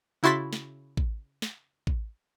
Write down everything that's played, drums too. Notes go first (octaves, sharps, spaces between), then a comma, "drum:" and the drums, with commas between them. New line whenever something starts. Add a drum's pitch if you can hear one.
C#3 E4 F#4 C6 A6 B6
drum: snare
drum: kick A1
drum: snare
drum: kick A1